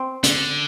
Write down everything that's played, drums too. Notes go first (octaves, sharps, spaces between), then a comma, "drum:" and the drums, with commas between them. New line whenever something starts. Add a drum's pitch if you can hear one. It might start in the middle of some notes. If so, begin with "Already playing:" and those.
Already playing: C4
D3, drum: hi-hat